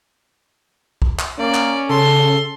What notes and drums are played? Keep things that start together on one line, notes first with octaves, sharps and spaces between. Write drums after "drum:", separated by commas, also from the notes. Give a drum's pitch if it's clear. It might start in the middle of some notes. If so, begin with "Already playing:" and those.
drum: kick
drum: clap
A#3 C#4 D5
drum: clap
C#3 A4 C6